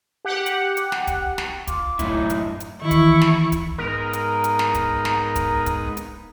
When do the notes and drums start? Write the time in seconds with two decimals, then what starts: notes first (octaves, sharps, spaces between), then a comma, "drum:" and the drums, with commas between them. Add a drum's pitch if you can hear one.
0.25 G4 F#5
0.46 drum: hi-hat
0.77 drum: hi-hat
0.92 drum: snare
1.07 drum: kick, hi-hat
1.38 drum: snare
1.67 F4 D6, drum: kick, hi-hat
1.99 F#2 A2 D#4 E4, drum: kick, hi-hat
2.30 drum: hi-hat
2.60 drum: hi-hat
2.82 D#3 E3 E4 C#6
2.91 drum: kick, hi-hat
3.21 drum: snare
3.52 drum: kick, hi-hat
3.78 G#2 B3 D#4 A#4
4.13 drum: hi-hat
4.44 drum: hi-hat
4.59 drum: snare
4.74 drum: kick, hi-hat
5.05 drum: snare
5.36 drum: kick, hi-hat
5.66 drum: kick, hi-hat
5.97 drum: hi-hat